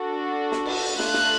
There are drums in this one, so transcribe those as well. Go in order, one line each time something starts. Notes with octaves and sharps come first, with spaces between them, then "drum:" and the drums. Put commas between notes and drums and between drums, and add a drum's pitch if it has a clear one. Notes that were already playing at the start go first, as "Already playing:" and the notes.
Already playing: D4 F#4 A4
drum: snare
drum: cymbal
A3 D4 F4 F#6, drum: snare
drum: snare